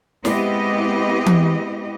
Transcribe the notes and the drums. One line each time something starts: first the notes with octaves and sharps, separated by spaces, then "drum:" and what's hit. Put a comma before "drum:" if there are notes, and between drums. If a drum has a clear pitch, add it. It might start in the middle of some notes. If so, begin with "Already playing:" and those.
G#3 B3 C4 E4 G4 D#5, drum: snare
drum: tom E3